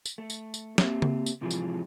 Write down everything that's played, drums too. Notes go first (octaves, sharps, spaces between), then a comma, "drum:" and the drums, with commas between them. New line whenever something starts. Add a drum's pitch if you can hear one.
drum: tambourine
A3
drum: tambourine
drum: tambourine
A#3 C4 G4 E5, drum: snare
drum: tom C#3
drum: tambourine
A2 C3 E3 F3 G3 G#3
drum: tambourine